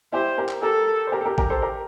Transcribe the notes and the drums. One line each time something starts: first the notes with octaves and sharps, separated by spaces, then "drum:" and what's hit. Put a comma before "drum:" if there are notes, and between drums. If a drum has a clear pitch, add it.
E4 G4 C5
G4 A#4
drum: clap
G4 A4 A#4
C5
G4 A#4
A4
G4 A#4
G4 A#4, drum: kick A1
A4 C5
G4 A#4